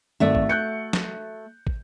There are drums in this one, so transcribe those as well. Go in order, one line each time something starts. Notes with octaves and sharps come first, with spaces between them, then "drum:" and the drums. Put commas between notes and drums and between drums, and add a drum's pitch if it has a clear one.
G#1 A3 F#4 D5 E5
drum: kick
F#6 G6 C#7
drum: snare
drum: kick